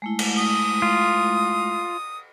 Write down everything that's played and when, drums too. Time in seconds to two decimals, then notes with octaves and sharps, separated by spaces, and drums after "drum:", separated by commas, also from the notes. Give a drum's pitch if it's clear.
0.02 G#3 A3 E4
0.19 drum: cymbal
0.38 D#6
0.82 F4